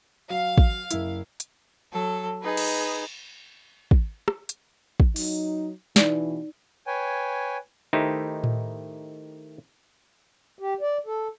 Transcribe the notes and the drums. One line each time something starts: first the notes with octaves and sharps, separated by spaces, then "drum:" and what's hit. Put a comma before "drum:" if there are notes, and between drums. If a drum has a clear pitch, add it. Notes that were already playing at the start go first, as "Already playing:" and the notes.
F#3 F5
drum: kick
F#1 E4, drum: hi-hat
drum: hi-hat
F#3 A4
D#4 G#4 B4
drum: cymbal
drum: kick
drum: rim click
drum: hi-hat
drum: kick
F#3 D#4, drum: open hi-hat
B2 E3 D#4 D5, drum: snare
B4 C#5 G5 G#5
D#3 A3 D#4 E4 G4 C5
drum: tom A2
G4
D5
A4